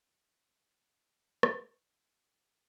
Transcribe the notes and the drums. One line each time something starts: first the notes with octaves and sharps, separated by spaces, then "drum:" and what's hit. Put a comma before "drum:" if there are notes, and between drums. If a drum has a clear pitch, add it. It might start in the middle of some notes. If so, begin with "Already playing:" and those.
Already playing: B4
C#4 F4 G#4 C#5
C#5
C#4 F#4 A#4 D#5
drum: rim click
F4 B4
F#5